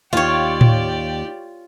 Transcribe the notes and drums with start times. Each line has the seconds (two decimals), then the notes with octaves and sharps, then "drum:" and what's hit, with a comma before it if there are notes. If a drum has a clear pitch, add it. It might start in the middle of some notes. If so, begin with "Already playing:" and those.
0.13 D#2 F4 G4 C#5 D5
0.61 drum: tom A2